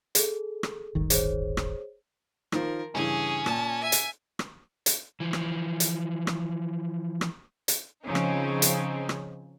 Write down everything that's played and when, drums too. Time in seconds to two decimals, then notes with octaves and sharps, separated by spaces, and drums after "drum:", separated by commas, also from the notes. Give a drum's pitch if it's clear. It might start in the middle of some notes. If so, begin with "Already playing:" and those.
0.15 G#4 A4, drum: hi-hat
0.63 drum: rim click
0.95 D1 G1 D#3
1.10 G#4 C5 C#5, drum: hi-hat
1.57 drum: rim click
2.52 D#3 F3 A#4, drum: rim click
2.95 G2 C#3 E3 C#4 G#4
3.46 A#2 A5, drum: rim click
3.81 E5 G#5
3.92 drum: hi-hat
4.39 drum: rim click
4.86 drum: hi-hat
5.20 E3 F3
5.33 drum: rim click
5.80 drum: hi-hat
6.27 drum: rim click
7.21 drum: rim click
7.68 drum: hi-hat
8.04 C#3 F3 C4 C#4 D#4
8.15 drum: rim click
8.62 drum: hi-hat
9.09 drum: rim click